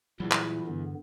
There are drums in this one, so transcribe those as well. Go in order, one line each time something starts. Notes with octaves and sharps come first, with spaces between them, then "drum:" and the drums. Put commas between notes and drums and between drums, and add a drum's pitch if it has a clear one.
E2 A#2 F#3 G3 E4
drum: clap
G2 D3 B3